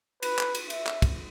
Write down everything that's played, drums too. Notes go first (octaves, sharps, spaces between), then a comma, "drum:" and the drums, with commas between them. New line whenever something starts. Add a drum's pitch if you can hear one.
B4, drum: cymbal
drum: clap
drum: cymbal
E5, drum: cymbal
drum: clap
drum: kick, cymbal